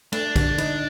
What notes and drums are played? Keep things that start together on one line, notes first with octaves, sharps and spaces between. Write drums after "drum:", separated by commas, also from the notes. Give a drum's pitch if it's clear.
A3 D4, drum: cymbal
D3, drum: kick, cymbal
D#4, drum: cymbal